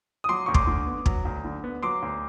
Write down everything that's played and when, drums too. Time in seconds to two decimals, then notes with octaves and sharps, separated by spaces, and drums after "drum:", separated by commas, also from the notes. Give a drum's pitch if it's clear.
0.24 D#6
0.29 F#3 C6 D6
0.46 D2 C#6
0.54 C6 D6, drum: kick
0.67 D3
0.87 B3
1.06 F#3, drum: kick
1.25 D2
1.45 D3
1.64 B3
1.83 F#3 C6 D6
2.02 D2